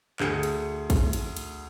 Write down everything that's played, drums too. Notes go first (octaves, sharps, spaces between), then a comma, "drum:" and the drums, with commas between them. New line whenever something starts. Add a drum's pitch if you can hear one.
D2 G#4 C#7, drum: clap
drum: cymbal
drum: kick, cymbal
drum: cymbal
drum: cymbal